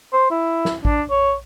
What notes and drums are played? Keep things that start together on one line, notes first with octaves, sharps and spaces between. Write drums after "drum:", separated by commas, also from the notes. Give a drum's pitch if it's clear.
C5
E4
drum: snare
D4, drum: kick A1
C#5